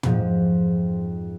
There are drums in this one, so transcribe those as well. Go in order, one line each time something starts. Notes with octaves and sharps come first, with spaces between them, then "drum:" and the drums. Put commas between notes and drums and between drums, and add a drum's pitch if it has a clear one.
F2 G#2 F3, drum: tom